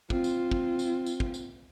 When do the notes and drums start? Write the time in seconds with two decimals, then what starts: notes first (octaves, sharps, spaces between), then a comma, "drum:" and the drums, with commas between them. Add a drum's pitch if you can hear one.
0.10 C4 F4, drum: kick
0.24 drum: tambourine
0.51 drum: kick
0.79 drum: tambourine
1.06 drum: tambourine
1.20 drum: kick
1.34 drum: tambourine